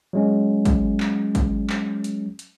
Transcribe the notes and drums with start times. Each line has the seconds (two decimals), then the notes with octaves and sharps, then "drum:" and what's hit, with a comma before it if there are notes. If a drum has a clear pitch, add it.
0.13 F#3 G#3 C#4
0.65 drum: kick, hi-hat
1.00 drum: clap
1.35 drum: kick, hi-hat
1.70 drum: clap
2.04 drum: hi-hat
2.39 drum: hi-hat